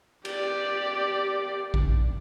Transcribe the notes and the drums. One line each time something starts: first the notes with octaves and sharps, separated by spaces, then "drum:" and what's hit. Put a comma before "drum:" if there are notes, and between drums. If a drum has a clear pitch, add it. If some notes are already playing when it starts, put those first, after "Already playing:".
G4 D5, drum: cymbal
drum: kick A#1